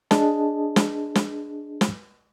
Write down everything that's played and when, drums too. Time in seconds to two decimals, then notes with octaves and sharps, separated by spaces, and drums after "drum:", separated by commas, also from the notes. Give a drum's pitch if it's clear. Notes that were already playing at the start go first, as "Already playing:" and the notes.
0.11 D4 G#4 D#5 A5, drum: snare
0.76 drum: snare
1.15 drum: snare
1.81 drum: snare